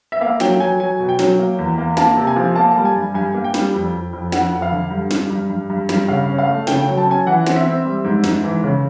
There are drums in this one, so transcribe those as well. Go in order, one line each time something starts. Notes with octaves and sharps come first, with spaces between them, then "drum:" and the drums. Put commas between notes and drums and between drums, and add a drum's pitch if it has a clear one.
E5
A#3 F5
F#3 G5, drum: snare
F#3 G#5
F#3 G#5
B2
G5
F#3, drum: snare
A#3
E2
A#3
A#3 A5, drum: snare
C3
G#5
F3
A#3 A5
G3 A5
G#5
G2
G2 G#5
A#3
G5
G3, drum: snare
F2
F2
F2
F2 F#5, drum: snare
F2
F5
D3
G2
G3, drum: snare
G2
G2
G2
G2, drum: snare
C#3 F5
C#4
F5
A3
C#3 G5, drum: snare
F#3 G5
A5
C#4 G#5
E3 F#5
C4, drum: snare
E5
C4
G3
G#2
G#2, drum: snare
E3
C#3